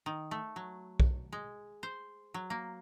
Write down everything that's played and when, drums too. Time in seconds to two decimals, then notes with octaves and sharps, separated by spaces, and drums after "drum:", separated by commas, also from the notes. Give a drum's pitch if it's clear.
0.06 D#3
0.31 A3
0.56 F#3
1.00 drum: kick B1
1.33 G#3
1.83 C5
2.34 F#3
2.50 A#3